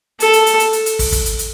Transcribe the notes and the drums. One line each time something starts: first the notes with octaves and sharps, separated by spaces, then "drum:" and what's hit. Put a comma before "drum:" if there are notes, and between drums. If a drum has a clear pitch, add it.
A4, drum: hi-hat
drum: hi-hat
drum: hi-hat
drum: hi-hat
drum: hi-hat
drum: hi-hat
drum: kick, open hi-hat
drum: kick, hi-hat
drum: hi-hat
drum: hi-hat